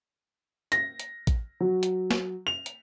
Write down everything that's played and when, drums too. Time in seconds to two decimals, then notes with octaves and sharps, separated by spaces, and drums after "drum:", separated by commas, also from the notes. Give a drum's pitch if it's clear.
0.72 A#6, drum: hi-hat
1.00 drum: hi-hat
1.27 drum: kick A1, hi-hat
1.60 F#3
1.83 drum: hi-hat
2.11 drum: snare
2.47 F7
2.66 drum: hi-hat